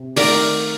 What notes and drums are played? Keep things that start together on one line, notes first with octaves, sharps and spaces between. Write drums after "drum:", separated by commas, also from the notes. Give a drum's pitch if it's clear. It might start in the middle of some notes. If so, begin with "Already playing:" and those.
Already playing: C3
D#3 A3 A#4 D5, drum: open hi-hat